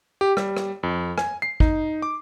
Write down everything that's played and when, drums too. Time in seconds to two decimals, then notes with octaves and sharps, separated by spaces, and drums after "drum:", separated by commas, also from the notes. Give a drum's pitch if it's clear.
0.21 G4
0.37 G3, drum: rim click
0.57 drum: rim click
0.83 F2
1.18 G#5, drum: rim click
1.42 C7
1.60 D#4, drum: kick
2.02 D6